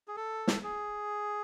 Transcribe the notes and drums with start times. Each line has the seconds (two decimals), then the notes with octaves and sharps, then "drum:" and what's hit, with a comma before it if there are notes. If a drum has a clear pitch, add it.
0.08 G#4
0.16 A4
0.48 drum: snare
0.63 G#4